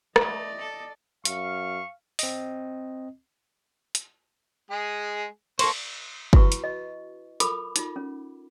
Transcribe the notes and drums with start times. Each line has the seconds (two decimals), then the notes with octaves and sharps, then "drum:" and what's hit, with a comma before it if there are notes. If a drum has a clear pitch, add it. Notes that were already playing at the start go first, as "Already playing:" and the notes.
0.16 A3 D5 D#5, drum: rim click
0.60 A4
1.25 F#2 F5 C#6, drum: hi-hat
2.19 C4 D#5, drum: open hi-hat
3.95 drum: hi-hat
4.70 G#3 G#4
5.59 A#3 A4 C5 C#6, drum: cymbal
6.33 E4 F#4 B4 C#6, drum: kick
6.52 drum: hi-hat
6.64 D#5
7.40 F4 A4 A#4 B5 D6, drum: hi-hat
7.76 D#4 F4, drum: hi-hat
7.96 C#4